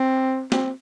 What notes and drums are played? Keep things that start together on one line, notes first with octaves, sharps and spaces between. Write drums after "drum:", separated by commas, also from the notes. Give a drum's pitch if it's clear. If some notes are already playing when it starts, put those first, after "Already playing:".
Already playing: C4
C4, drum: snare